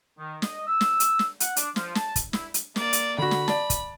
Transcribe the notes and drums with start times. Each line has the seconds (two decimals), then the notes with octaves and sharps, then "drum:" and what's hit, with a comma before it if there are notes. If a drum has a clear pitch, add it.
0.18 D#3
0.42 D#5, drum: snare
0.67 E6
0.81 drum: snare
1.00 drum: hi-hat
1.19 drum: snare
1.40 F#5, drum: hi-hat
1.56 D4, drum: hi-hat
1.76 F3, drum: snare
1.95 A5, drum: snare
2.16 drum: kick, hi-hat
2.33 E4, drum: snare
2.54 drum: hi-hat
2.76 A#3 D5, drum: snare
2.93 drum: hi-hat
3.18 D3 F#4 B5
3.31 drum: snare
3.48 D5 A5, drum: snare
3.70 drum: kick, hi-hat